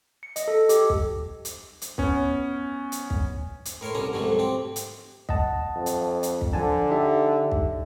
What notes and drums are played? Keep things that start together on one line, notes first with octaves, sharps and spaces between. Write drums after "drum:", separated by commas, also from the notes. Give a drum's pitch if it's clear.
C#7
D#5, drum: hi-hat
A4
G4, drum: hi-hat
drum: kick
drum: hi-hat
drum: hi-hat
B3 C#4, drum: kick
drum: hi-hat
drum: kick
drum: hi-hat
A2 A#4 C#5 C6
C2 B2 D3 C#4 A#5
C2 F2 G#2 D3 F#3 A3
C4 G4
drum: hi-hat
D#5 F#5 A5, drum: kick
F2
drum: hi-hat
drum: hi-hat
drum: kick
D3 F3 G#5 A5
D#4 G4 E5
drum: kick